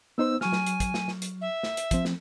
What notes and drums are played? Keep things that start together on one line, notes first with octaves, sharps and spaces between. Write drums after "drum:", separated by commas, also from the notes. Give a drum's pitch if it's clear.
B3 D#4 C5 E6
F#3 G#5 C#6 F6, drum: snare
drum: snare
drum: hi-hat
drum: kick, hi-hat
drum: snare
drum: snare
drum: hi-hat
E5
drum: snare
drum: hi-hat
F3 C4, drum: kick, hi-hat
drum: snare